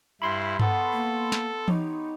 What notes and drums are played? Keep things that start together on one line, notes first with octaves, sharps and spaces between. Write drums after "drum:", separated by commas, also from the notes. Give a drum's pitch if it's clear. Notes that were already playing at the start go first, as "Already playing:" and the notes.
G2 E4 B5 C6
B3 A4 B4 C#6, drum: tom G2
A#3
drum: snare
D#4 G4 C#5 D#5, drum: tom E3